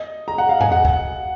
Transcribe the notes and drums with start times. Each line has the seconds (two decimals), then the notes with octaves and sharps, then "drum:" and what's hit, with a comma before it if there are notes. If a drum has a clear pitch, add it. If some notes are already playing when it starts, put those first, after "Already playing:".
Already playing: D#5
0.28 A#5
0.38 F#5
0.49 F5
0.61 G#5, drum: tom E2
0.72 F#5
0.85 drum: kick